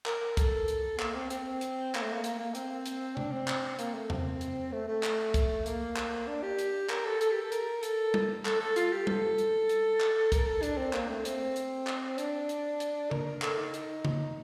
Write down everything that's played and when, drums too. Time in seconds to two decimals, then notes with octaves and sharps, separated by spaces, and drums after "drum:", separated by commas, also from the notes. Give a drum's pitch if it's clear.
0.06 A#4, drum: clap
0.37 A4, drum: kick, hi-hat
0.68 drum: hi-hat
1.00 A#3, drum: clap
1.15 C4
1.30 C4, drum: hi-hat
1.61 drum: hi-hat
1.95 A#3, drum: clap
2.02 A3
2.13 A#3
2.24 A#3, drum: hi-hat
2.39 A#3
2.55 C4, drum: hi-hat
2.86 drum: hi-hat
3.17 D4, drum: tom C3
3.32 C4
3.48 drum: clap
3.79 A#3, drum: hi-hat
3.94 A3
4.10 C4, drum: tom E2
4.41 drum: hi-hat
4.72 A3
4.88 A3
5.03 drum: clap
5.34 drum: kick, hi-hat
5.66 A#3, drum: hi-hat
5.96 drum: clap
6.27 D4
6.43 G4
6.59 drum: hi-hat
6.90 A#4, drum: clap
7.05 A4
7.21 A4, drum: hi-hat
7.31 G4
7.41 A4
7.52 A#4, drum: hi-hat
7.83 A4, drum: hi-hat
8.14 drum: tom G3
8.45 A4, drum: clap
8.60 A4
8.76 F4, drum: hi-hat
8.92 G4
9.07 A4, drum: tom G3
9.38 drum: hi-hat
9.69 drum: hi-hat
10.00 drum: clap
10.32 A#4, drum: kick, hi-hat
10.47 A4
10.63 D4, drum: hi-hat
10.78 C4
10.93 A#3, drum: clap
11.10 A3
11.25 C4, drum: hi-hat
11.56 drum: hi-hat
11.87 drum: clap
12.18 D4, drum: hi-hat
12.49 drum: hi-hat
12.80 drum: hi-hat
13.11 A#4, drum: tom C#3
13.27 A#4
13.42 A4, drum: clap
13.58 D#4
13.74 D#4, drum: hi-hat
14.05 drum: tom C#3